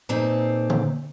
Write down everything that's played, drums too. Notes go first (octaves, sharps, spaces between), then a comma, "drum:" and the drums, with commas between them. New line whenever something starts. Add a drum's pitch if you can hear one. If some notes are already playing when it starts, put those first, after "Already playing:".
A#2 A#3 C4 D#4 A4 B4
drum: tom D3